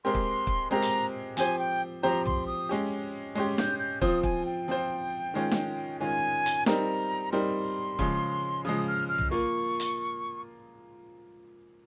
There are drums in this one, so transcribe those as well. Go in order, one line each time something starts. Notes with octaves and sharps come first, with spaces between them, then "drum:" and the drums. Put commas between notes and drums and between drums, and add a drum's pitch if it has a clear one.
G#3 C4 G4 A#4 C6
drum: kick
drum: kick
G#3 C4 G4 A#4 A#5
drum: hi-hat
F3 C4 G4 C5 G#5, drum: hi-hat
G5
F3 C4 G4 C5 A#5
C6, drum: tom
D#6
G#3 C#4 G4
G#3 C#4 G4 C6
G6, drum: snare
G6
F3 C4 F4 C5 D#6, drum: kick
G#5, drum: kick
G5
F3 C4 F4 C5
D#3 G#3 C#4 F4
drum: snare
D#3 G#3 C#4 F4 G#5
drum: hi-hat
G3 C4 D#4 A#4 A#5, drum: snare
G3 C4 D#4 A#4 C6
C#3 F3 G#3, drum: kick
C#3 F3 G#3 D#6
F6
F6
drum: tom
A#3 F4 C#6
drum: hi-hat